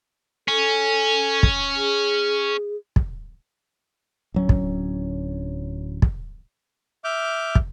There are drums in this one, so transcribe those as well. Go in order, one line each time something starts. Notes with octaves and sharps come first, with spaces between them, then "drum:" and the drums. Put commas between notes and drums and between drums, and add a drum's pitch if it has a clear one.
C#4 A4
drum: kick
G#4
drum: kick
D1 F#3 C#4
drum: kick
drum: kick
E5 D6 F6 G6
drum: kick